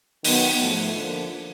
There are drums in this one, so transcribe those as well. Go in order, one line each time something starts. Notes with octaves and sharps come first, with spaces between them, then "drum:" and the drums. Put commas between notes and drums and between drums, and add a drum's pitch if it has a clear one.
D#3 F#3 B3, drum: open hi-hat
G#2 F3 A3
D3 F3 A#3